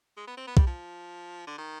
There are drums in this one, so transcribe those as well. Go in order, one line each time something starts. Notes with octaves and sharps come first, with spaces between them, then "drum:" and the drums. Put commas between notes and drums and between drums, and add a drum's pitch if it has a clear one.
G#3
B3
C4
B3
G3, drum: kick B1
F3
D3
D#3